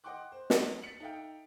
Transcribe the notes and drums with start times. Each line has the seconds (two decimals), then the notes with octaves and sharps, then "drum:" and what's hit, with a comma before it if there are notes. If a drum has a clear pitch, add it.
0.04 D#5 F#5 G5 C6 D6 F#6
0.32 C5
0.50 F#3 F7, drum: snare
0.82 A6 B6 C#7 F#7
1.00 D#4 A4 E5 F5 G5